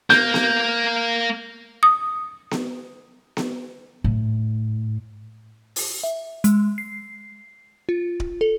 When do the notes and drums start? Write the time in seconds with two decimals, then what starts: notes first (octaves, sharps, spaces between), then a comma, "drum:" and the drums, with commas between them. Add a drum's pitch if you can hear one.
0.10 A#3 G6, drum: snare B3
0.34 drum: snare B3
1.83 D#6
2.51 drum: snare B3
3.37 drum: snare B3
4.04 A2
5.76 drum: open hi-hat
6.04 E5
6.44 G#3, drum: hi-hat
6.78 C7
7.89 F4
8.20 drum: kick D1
8.41 A4